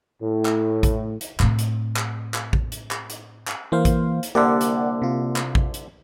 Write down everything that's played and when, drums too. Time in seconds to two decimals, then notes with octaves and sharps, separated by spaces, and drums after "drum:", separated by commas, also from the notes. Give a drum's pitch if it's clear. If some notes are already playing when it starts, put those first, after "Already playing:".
0.22 A2
0.45 drum: clap
0.83 drum: kick A1, hi-hat
1.21 drum: hi-hat
1.40 A2 C4, drum: clap
1.59 drum: hi-hat
1.96 drum: clap
2.34 drum: clap
2.53 drum: kick A1
2.72 drum: hi-hat
2.91 drum: clap
3.10 drum: hi-hat
3.47 drum: clap
3.72 E3 A#3 C5 F5
3.85 drum: kick A1, hi-hat
4.23 drum: hi-hat
4.35 C2 D3 A#3 G4 D5 F#5
4.61 drum: hi-hat
5.02 C3 F4
5.36 drum: clap
5.55 drum: kick A1
5.74 drum: hi-hat